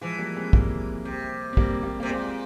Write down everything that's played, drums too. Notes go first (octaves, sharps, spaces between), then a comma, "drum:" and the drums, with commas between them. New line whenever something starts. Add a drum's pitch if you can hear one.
E3 F3 G#3
G3 A#3
G#3 C4
G3 A#3, drum: kick
C3
C4
G3 A#3, drum: kick
G3 A#3
C3 A#3
A#2 G#3 C4